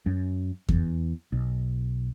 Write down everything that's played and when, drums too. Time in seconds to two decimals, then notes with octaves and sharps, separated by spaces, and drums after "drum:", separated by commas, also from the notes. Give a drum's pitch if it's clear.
0.06 F#2
0.69 E2, drum: kick F2
1.32 B1